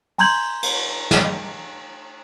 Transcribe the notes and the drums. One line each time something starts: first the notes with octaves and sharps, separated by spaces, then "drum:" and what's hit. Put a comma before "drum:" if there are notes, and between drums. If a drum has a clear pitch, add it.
G#5 A#5 C6 G6 G#6 F#7, drum: open hi-hat
drum: cymbal
drum: snare